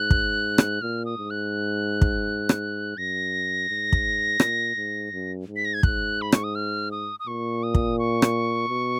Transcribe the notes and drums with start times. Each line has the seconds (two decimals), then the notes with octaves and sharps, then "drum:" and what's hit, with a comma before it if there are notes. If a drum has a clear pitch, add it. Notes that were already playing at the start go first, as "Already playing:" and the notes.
Already playing: G#2 F#6
0.10 drum: kick
0.58 drum: rim click
0.82 A#2 F6
1.05 D#6
1.18 G#2
1.30 F#6
2.02 drum: kick
2.49 drum: rim click
2.97 F#2 A#6
3.69 G#2
3.93 drum: kick
4.40 A#2, drum: rim click
4.76 G#2
5.12 F#2
5.48 G#2
5.56 B6
5.65 A#6
5.74 G#6
5.83 G#2 F#6, drum: kick
6.22 B5
6.32 C#6, drum: rim click
6.44 D#6
6.55 F6
6.91 D#6
7.20 D#6
7.27 A#2 C#6
7.63 D#6
7.75 drum: kick
7.99 C#6
8.22 drum: rim click
8.69 B2